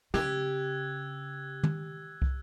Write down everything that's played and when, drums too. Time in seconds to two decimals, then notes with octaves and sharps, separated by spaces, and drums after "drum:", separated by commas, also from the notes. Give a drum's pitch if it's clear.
0.14 C#3 G4 E6 F#6 G#6, drum: snare
1.63 drum: tom
2.22 drum: kick